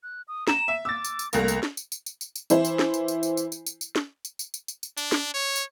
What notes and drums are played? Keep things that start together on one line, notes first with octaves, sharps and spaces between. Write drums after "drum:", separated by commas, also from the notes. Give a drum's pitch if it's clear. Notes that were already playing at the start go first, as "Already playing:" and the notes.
F#6
D#6
A#5 E7, drum: snare
E5
D6 E6 A6
drum: tambourine
drum: tambourine
C2 A3 A#3 A#6, drum: tambourine
drum: tambourine
drum: snare
drum: tambourine
drum: tambourine
drum: tambourine
drum: tambourine
drum: tambourine
E3 E4 C5, drum: tambourine
drum: tambourine
drum: snare
drum: tambourine
drum: tambourine
drum: tambourine
drum: tambourine
drum: tambourine
drum: tambourine
drum: tambourine
drum: snare
drum: tambourine
drum: tambourine
drum: tambourine
drum: tambourine
drum: tambourine
D4, drum: tambourine
drum: snare
C#5
drum: tambourine